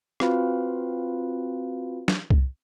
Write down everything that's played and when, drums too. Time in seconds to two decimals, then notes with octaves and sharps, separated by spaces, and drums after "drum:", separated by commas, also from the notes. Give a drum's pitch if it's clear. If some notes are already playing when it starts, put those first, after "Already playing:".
0.20 C4 F4 F#4 B4 F5 B5, drum: rim click
2.08 drum: snare
2.30 drum: kick C2